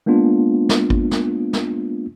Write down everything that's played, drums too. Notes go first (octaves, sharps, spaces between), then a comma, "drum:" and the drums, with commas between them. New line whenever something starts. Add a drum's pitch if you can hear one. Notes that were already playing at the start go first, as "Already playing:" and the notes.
G#3 A#3 B3 D4 F4
drum: snare
drum: kick G#1
drum: snare
drum: snare